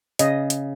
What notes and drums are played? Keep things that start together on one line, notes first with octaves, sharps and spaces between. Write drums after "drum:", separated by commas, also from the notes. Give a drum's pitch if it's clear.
C#3 D#5, drum: hi-hat
drum: hi-hat